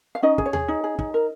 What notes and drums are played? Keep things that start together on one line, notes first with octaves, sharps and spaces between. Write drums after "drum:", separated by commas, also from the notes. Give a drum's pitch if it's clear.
F5
C#4 D#4 D#5
G#4, drum: kick
C#5
G#4, drum: tom D#2
D#4
G#4
D#4, drum: kick
A#4